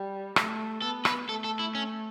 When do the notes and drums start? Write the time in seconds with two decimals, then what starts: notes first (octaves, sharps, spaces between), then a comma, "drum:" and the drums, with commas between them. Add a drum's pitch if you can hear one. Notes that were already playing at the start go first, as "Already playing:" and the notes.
Already playing: G3
0.36 A3, drum: rim click
0.82 B3 A4
1.05 B4, drum: rim click
1.29 A3 A4
1.44 A4
1.59 E4
1.75 C#4